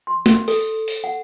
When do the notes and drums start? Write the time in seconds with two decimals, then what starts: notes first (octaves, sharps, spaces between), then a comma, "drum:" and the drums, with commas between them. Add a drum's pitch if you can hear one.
0.07 C6
0.26 drum: snare
0.48 A4, drum: open hi-hat
0.88 drum: open hi-hat
1.04 F#5